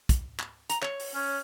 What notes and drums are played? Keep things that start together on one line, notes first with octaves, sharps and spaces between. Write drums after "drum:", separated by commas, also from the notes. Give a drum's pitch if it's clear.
drum: kick, hi-hat
drum: clap
A#5, drum: hi-hat
C#5, drum: clap
drum: open hi-hat
C#4